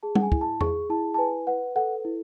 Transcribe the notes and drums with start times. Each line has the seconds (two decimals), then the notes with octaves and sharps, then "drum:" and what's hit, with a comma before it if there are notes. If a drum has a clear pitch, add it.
0.03 G#4 A5
0.15 F#5, drum: tom G3
0.22 G#5
0.32 E4, drum: kick
0.41 A5
0.61 G#4 C#6, drum: tom E2
0.90 E4 A5
1.14 A5
1.18 B4 G#5
1.47 B4 F#5
1.76 A4 F#5
2.05 E4